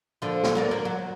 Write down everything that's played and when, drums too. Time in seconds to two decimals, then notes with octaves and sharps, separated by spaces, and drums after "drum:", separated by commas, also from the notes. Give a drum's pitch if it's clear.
0.22 A#2 D3 F3
0.43 drum: snare
0.55 F#3 A#4 D5
0.71 A#3
0.85 F#3